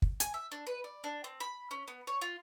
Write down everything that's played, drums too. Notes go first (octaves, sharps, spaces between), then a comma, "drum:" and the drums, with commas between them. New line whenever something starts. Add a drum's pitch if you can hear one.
drum: kick
G#5, drum: hi-hat
E5
D4
B4
D5
D4
C4
B5
C#4
B3
C#5
F4